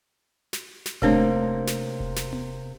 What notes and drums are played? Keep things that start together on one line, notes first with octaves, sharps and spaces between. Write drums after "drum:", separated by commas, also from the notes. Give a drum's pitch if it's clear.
drum: snare
drum: snare
C3 A3 A#3 D4 D#4 C#5, drum: kick E1
drum: snare
drum: kick E1
drum: snare
drum: tom B3